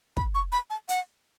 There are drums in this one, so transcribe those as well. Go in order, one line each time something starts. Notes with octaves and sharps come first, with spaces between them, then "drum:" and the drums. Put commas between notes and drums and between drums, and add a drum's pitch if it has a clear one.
B5, drum: kick
C#6
B5
A5
F#5, drum: hi-hat